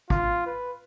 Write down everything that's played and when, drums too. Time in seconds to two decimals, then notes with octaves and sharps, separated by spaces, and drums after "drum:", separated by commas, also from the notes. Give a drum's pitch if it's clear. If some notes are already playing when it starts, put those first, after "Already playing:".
0.10 F4, drum: kick
0.47 B4